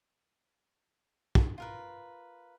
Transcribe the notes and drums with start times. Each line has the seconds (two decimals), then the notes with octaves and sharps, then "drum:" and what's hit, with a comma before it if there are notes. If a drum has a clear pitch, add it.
1.35 drum: kick
1.58 F4 A#4 B4